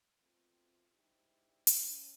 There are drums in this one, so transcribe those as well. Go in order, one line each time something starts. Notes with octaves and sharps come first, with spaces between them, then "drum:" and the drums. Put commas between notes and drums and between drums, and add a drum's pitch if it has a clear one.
B2 A3 C4 F4
G#2 D4 E4 G4
C#4, drum: hi-hat